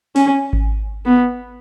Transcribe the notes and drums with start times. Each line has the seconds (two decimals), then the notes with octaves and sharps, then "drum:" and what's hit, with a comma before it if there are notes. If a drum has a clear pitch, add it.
0.16 C#4, drum: open hi-hat
0.53 drum: kick G#1
1.06 B3